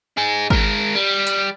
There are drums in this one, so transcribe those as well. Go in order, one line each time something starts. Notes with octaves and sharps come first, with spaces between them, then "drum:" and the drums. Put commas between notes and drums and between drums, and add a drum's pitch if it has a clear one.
D#4 G#4
G#3 A#4, drum: kick G#1
G3
drum: hi-hat